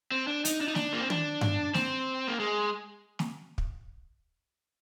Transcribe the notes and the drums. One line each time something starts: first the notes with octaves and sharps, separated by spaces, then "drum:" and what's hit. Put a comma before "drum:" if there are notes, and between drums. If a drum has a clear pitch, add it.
C4
D4
D#4, drum: hi-hat
D4
D#4
D4, drum: snare
A#3
C4
D4, drum: tom
drum: tom G2
C4, drum: snare
A#3
G#3
drum: snare
drum: kick